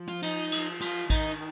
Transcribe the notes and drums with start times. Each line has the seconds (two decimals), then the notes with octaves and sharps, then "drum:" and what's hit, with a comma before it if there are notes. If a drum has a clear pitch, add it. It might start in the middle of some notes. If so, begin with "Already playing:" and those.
Already playing: F3
0.08 F4
0.23 D#4, drum: cymbal
0.52 F3, drum: cymbal
0.81 F4, drum: cymbal
1.10 D#3 D#4, drum: kick A1, cymbal